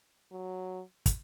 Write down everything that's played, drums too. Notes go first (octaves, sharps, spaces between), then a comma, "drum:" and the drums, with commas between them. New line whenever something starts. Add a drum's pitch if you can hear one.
F#3
drum: kick, hi-hat